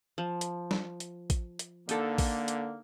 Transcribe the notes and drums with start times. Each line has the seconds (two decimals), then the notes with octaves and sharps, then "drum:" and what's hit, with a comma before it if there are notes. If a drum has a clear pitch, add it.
0.18 F3
0.41 drum: hi-hat
0.71 drum: snare
1.00 drum: hi-hat
1.30 drum: kick A1, hi-hat
1.59 drum: hi-hat
1.89 D3 A#3 D#4 A4, drum: hi-hat
2.18 drum: kick A1, open hi-hat
2.48 drum: hi-hat